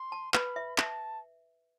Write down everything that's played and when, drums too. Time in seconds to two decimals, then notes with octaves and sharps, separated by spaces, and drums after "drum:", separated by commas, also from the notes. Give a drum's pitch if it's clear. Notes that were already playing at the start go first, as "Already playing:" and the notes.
Already playing: C6
0.12 A5
0.34 B4 B5, drum: clap
0.56 E5
0.78 E5 A5, drum: clap